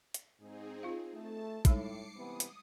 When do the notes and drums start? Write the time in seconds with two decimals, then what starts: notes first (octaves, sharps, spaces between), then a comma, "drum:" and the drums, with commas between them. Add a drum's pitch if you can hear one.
0.14 drum: hi-hat
0.39 G#2 C4 D#4 G#4
0.83 F4 F5
1.13 A3 A5
1.65 A2 G3 G#3 D#4 D6 C7 C#7, drum: kick, hi-hat
2.14 C3 E3 B3 D#6
2.40 drum: hi-hat